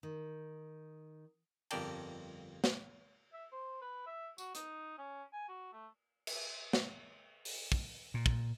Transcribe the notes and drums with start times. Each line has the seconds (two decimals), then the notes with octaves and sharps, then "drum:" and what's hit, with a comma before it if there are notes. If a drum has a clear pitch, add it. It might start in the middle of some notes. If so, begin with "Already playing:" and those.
0.03 D#3
1.71 G1 F2 A#4 D5 G5 A5, drum: cymbal
2.64 drum: snare
3.33 E5
3.52 C5
3.81 B4
4.07 E5
4.38 F#4, drum: tambourine
4.55 D#4, drum: hi-hat
4.98 C#4
5.33 G#5
5.48 F#4
5.73 A3
6.27 drum: cymbal
6.73 drum: snare
7.45 drum: open hi-hat
7.72 drum: kick
8.14 A#2
8.26 drum: kick